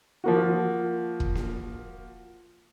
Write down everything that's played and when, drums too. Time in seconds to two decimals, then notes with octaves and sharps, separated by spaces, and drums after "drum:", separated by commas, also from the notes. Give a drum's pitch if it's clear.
0.24 F3 A#3 F#4
1.20 drum: kick
1.35 drum: snare A#3